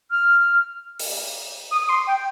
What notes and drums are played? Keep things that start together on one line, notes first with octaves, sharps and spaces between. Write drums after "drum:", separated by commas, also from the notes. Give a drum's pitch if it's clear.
F6
drum: open hi-hat
D#6
D#6
C6
G5